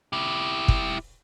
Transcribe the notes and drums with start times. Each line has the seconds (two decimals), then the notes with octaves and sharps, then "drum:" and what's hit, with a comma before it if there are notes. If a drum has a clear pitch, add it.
0.13 E4 G4
0.68 drum: kick